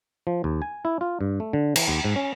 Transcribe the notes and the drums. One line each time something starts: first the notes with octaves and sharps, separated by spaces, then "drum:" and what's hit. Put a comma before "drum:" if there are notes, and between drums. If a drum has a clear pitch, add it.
F3
D#2
G#5
E4
F4
G2
A3
D3
E3, drum: cymbal
D#2
G#2
C#4